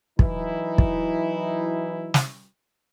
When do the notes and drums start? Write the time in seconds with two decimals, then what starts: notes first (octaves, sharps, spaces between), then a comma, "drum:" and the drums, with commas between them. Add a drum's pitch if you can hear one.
0.19 E3 F#3 D#4 E4, drum: kick
0.78 drum: kick
2.14 drum: snare